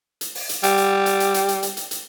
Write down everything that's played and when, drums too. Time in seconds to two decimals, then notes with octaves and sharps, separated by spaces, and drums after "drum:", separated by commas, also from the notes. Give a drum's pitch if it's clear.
0.21 drum: hi-hat
0.35 drum: open hi-hat
0.49 drum: hi-hat
0.63 G3, drum: hi-hat
0.78 drum: hi-hat
1.06 drum: hi-hat
1.20 drum: hi-hat
1.34 drum: hi-hat
1.48 drum: hi-hat
1.63 drum: hi-hat
1.77 drum: hi-hat
1.91 drum: hi-hat